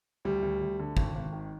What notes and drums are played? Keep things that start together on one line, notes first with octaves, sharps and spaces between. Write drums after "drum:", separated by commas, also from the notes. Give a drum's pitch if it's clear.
D2 G3
D2
D2
D3
G#1, drum: kick
G#1
D#3